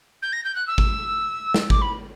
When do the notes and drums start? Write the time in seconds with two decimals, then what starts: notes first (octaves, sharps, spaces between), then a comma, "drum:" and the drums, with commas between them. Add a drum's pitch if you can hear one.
0.22 G6
0.32 A#6
0.44 G6
0.55 F#6
0.67 E6
0.78 drum: kick
1.54 drum: snare
1.70 D6, drum: kick
1.81 B5